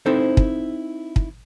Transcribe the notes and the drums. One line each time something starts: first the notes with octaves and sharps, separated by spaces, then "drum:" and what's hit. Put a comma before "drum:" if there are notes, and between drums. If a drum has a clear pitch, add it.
C4 D#4 E4 A4 C5
drum: kick
drum: kick